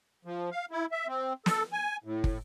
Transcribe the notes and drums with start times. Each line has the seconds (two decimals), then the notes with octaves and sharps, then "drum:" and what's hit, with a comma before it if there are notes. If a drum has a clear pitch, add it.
0.25 F3
0.51 F5
0.71 E4
0.92 E5
1.07 C4
1.46 A4, drum: snare
1.73 G#5
2.04 A2
2.24 drum: kick